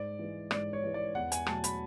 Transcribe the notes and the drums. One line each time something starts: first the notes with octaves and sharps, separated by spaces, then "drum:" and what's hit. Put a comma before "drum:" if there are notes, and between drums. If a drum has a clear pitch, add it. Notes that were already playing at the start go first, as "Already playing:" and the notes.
Already playing: G#2 D5
E3 G#3
G#2 D5, drum: rim click
C#5
E3 G#3
D5
E2 F#5
G#5, drum: hi-hat
B2 F#3 A3 A5, drum: rim click
B5, drum: hi-hat